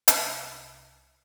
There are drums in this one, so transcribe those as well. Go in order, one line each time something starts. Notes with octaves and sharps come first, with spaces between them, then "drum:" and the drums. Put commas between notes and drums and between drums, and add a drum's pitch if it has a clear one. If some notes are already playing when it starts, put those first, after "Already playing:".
C2 A#2, drum: hi-hat